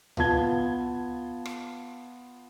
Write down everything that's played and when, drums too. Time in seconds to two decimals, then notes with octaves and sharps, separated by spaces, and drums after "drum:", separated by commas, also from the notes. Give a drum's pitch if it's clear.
0.17 B3 F4 A5 G#6 G7, drum: tom C#2
1.45 drum: rim click